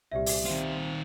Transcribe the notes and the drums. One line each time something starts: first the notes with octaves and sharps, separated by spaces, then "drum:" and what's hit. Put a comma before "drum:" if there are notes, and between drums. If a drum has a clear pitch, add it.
C2 A#2 G4 D5 E5
drum: open hi-hat
D#3 C4 F4